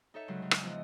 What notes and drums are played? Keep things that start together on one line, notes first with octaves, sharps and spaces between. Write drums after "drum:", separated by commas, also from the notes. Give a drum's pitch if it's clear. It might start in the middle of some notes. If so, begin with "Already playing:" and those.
D#4 A4 C#5 E5
G2 C#3 F#3 G#3
C#3
drum: rim click
E2 F3 D#5